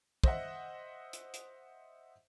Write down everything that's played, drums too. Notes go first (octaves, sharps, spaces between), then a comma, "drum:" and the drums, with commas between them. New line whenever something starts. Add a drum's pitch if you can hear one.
C5 D#5 E5 F#5, drum: kick
drum: hi-hat
drum: hi-hat